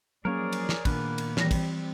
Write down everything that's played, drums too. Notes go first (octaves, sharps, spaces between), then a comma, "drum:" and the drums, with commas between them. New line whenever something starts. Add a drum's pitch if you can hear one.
F3 F#3 A#3 C#4 G#4 A#4 C#5 D5
drum: cymbal
drum: snare
A#2 D#3 A#3 B3 D4 B4, drum: kick, cymbal
drum: cymbal
E3 G3 C4 A#6, drum: snare
drum: kick, cymbal